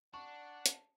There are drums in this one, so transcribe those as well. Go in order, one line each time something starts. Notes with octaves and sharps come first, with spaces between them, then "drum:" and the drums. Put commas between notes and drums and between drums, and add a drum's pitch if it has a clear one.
D4 F#5 A5 C#6
drum: hi-hat